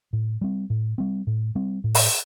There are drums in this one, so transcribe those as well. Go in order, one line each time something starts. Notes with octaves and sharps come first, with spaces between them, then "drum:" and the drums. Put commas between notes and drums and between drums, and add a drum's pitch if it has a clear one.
A2
G3 C4
A2
G3 C4
A2
G3 C4
A2
drum: open hi-hat